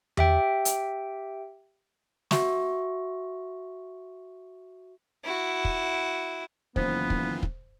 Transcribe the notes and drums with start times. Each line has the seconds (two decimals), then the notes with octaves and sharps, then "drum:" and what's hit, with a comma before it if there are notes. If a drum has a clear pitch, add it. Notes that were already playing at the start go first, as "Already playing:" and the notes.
0.17 G4 E5 G5, drum: tom E2
0.65 drum: hi-hat
2.31 F#4 E5 C#6, drum: snare
5.25 E4 F#4
5.65 drum: kick
6.76 F#1 D#3 E3 B3 F4 C5, drum: kick
7.10 drum: kick
7.43 drum: kick